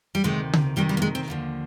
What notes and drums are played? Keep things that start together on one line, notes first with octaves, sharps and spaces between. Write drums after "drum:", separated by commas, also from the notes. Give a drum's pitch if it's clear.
G3
D2 C3 D#3 G#3
drum: tom C#3
D2 C3 D#3 G3
G3
A#3
G#3
C4
D#2 D3 F3